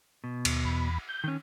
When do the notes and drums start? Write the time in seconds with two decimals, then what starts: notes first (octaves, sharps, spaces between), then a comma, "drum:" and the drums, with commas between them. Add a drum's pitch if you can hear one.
0.24 B2
0.45 D#2, drum: cymbal
0.65 E2 B5
1.09 G6
1.24 D#3 C#4